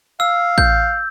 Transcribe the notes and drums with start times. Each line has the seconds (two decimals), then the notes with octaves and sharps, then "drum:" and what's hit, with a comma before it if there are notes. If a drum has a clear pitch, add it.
0.20 F5 E6
0.58 G6, drum: kick A1